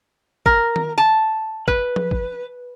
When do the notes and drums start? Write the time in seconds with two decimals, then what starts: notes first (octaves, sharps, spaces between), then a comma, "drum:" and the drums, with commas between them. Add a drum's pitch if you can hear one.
0.46 A#4, drum: kick
0.76 drum: tom D#3
0.98 A5
1.68 B4, drum: kick
1.96 drum: tom F3
2.11 drum: kick